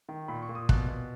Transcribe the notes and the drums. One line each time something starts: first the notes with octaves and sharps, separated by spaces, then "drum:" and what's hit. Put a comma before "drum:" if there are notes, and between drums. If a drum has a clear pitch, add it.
D#3
A#2 B5
C#6
A#2
D#6
B2 F#6, drum: kick
B2